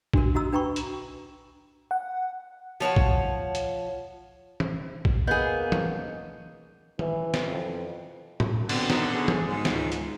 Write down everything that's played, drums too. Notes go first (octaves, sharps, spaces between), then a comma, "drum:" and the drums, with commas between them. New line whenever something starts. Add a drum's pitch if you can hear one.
D4 F#4 A#4, drum: kick
E4 F#4 D#5 A#5 E6
D4 B4 G5 A#5 B5 C#6
drum: hi-hat
F#5
F3 C#5 F#5 A5
drum: kick
drum: hi-hat
drum: tom E3
drum: kick
A#3 B3 G#4 D#5 G6
drum: tom E3
E3, drum: tom D#3
drum: snare
F2
drum: tom
B2 D3 C4, drum: cymbal
D#4, drum: snare
G#4
drum: tom E3
G#2
C#2, drum: snare
drum: hi-hat